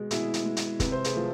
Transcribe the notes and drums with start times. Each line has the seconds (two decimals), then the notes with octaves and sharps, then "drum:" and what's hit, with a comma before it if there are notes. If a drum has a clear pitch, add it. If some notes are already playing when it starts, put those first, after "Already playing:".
Already playing: B2 G#3
0.11 B2 E4 G#4, drum: hi-hat
0.34 drum: hi-hat
0.45 G#3
0.57 drum: hi-hat
0.80 C3 B4, drum: kick, hi-hat
0.92 C5
1.04 G#4 B4, drum: hi-hat
1.13 F3 A3